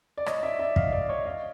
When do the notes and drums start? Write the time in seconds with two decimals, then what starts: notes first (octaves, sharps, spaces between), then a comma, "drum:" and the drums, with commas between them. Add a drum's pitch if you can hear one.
0.17 D5
0.26 C#5 D#5, drum: rim click
0.43 D5 E5
0.59 D5 E5
0.76 D#5 F5, drum: kick
0.92 D5 E5
1.09 C#5 D#5
1.26 D#5 F5